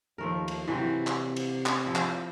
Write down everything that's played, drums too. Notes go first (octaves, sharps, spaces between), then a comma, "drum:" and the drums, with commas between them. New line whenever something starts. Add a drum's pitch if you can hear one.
D#2 F3 A3 A#4
drum: cymbal
C3 E3 F#3 C4 E4
drum: clap
drum: cymbal
drum: clap
F3 E4
drum: clap